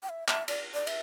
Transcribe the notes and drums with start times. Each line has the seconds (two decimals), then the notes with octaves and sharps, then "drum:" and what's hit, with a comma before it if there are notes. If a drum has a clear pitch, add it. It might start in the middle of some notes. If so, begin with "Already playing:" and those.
0.03 G5
0.09 E5
0.28 E5, drum: clap
0.48 D5, drum: cymbal
0.74 D5
0.87 E5, drum: cymbal